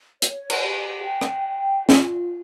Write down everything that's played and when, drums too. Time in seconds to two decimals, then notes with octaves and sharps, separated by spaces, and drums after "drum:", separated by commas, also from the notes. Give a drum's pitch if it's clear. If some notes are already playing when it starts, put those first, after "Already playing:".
0.22 C#5, drum: hi-hat
0.50 drum: cymbal
0.64 G4
1.05 G5
1.21 drum: rim click
1.47 G5
1.89 F4, drum: snare